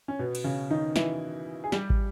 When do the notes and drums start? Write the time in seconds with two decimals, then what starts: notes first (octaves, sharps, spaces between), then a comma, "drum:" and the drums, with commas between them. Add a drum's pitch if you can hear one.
0.08 C#4
0.19 B2 B3
0.35 drum: cymbal
0.44 C#3 C#4
0.70 D#3 D#4
0.96 E3 E4, drum: snare
1.64 G#4
1.72 G3 G4, drum: snare
1.90 drum: kick